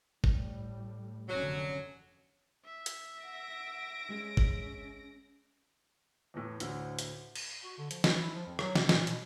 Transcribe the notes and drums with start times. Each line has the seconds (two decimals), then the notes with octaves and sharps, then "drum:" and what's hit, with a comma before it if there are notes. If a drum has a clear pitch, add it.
0.24 A2 G3, drum: kick G#1
1.29 F1 D3 F#3 C#4
2.65 E5
2.86 drum: hi-hat
3.23 F#5 A#6 D7
4.09 G#3 C#4 G#4
4.37 drum: kick G#1
6.34 E2 A2
6.60 D2 A2 D3, drum: hi-hat
6.99 drum: hi-hat
7.35 drum: cymbal
7.64 F#4
7.78 D3
7.91 F3, drum: hi-hat
8.04 E3, drum: snare
8.19 E4
8.34 F3
8.47 F2
8.59 F#3, drum: rim click
8.75 C3, drum: snare
8.89 A#2, drum: snare
9.07 B2, drum: hi-hat